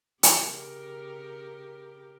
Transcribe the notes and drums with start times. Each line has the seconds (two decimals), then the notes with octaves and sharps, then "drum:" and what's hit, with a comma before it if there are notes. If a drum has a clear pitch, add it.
0.23 C#3 G4 A#4, drum: hi-hat